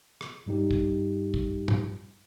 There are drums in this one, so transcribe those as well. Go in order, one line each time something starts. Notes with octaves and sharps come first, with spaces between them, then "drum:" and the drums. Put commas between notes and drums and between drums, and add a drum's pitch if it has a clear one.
drum: rim click
G2 G3 D#4 G4
drum: kick
drum: kick
drum: tom